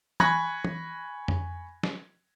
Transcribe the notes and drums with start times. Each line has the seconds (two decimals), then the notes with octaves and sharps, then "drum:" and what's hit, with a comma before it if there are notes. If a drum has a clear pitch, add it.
0.20 G#5 B5 C#6 F#6 G#6 A#6, drum: tom E3
0.65 drum: tom E3
1.28 drum: tom F2
1.83 drum: snare